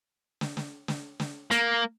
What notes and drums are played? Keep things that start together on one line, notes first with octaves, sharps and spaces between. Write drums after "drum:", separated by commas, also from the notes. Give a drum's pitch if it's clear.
drum: snare
drum: snare
drum: snare
drum: snare
A#3, drum: hi-hat